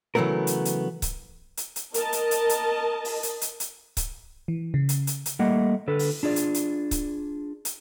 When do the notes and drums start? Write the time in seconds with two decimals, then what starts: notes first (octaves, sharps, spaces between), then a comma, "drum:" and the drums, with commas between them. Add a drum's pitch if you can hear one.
0.15 C#3 E3 F#3 A3 B3 A#4
0.47 drum: hi-hat
0.65 drum: hi-hat
1.02 drum: kick C#1, hi-hat
1.57 drum: hi-hat
1.76 drum: hi-hat
1.94 A#4 D#5 A5, drum: hi-hat
2.13 drum: hi-hat
2.31 drum: hi-hat
2.49 drum: hi-hat
3.05 drum: open hi-hat
3.23 drum: hi-hat
3.41 drum: hi-hat
3.60 drum: hi-hat
3.97 drum: kick C#1, hi-hat
4.48 E3
4.74 C#3
4.89 drum: hi-hat
5.07 drum: hi-hat
5.26 drum: hi-hat
5.39 G3 A3 A#3 D#5 F#5
5.88 D3 A4 B4
5.99 drum: open hi-hat
6.23 D4 F4 G#4 D5
6.36 drum: hi-hat
6.54 drum: hi-hat
6.91 drum: kick C#1, hi-hat
7.65 drum: hi-hat